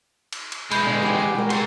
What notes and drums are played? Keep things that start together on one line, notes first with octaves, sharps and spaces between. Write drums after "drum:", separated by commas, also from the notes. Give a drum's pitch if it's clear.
drum: cymbal
drum: cymbal
E3 G#3 B5 G6 C7, drum: cymbal
D3
G4 F#5
D#7
G#3 A#4 G5
G#4 D5 C6, drum: cymbal